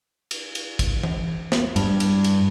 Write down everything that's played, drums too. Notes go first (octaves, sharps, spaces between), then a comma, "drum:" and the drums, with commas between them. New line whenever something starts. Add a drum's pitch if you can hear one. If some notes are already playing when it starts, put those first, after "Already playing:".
drum: cymbal
drum: cymbal
drum: kick, cymbal
drum: tom E3
drum: snare
G2, drum: cymbal
drum: cymbal
drum: cymbal